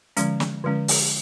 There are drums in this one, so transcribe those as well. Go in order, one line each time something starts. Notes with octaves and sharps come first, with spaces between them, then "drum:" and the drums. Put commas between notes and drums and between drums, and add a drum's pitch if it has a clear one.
D3 F3 G#3 C#4, drum: hi-hat
drum: snare
D3 F3 G#3 C#4
drum: open hi-hat